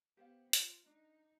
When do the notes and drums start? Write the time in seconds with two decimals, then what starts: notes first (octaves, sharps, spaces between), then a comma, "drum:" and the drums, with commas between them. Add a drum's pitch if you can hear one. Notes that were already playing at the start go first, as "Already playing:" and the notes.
0.17 B3 G4 C5 F5
0.53 F4, drum: hi-hat
0.86 D4 D#4